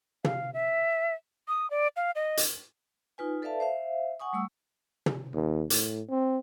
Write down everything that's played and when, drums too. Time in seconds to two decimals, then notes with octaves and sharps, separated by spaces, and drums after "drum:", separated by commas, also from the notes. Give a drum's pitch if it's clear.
0.24 F5, drum: tom
0.54 E5
1.48 D#6
1.71 D5
1.96 F5
2.15 D#5
2.37 drum: hi-hat
3.18 D#4 F4 B4 G#5
3.42 A4 B4 D5 E5 F5 A5
3.60 C5 E5 F5
4.20 F#5 G#5 C#6 D#6
4.33 G3 A3 C#6 E6
5.06 drum: tom
5.33 D#2
5.70 A2, drum: hi-hat
6.09 C4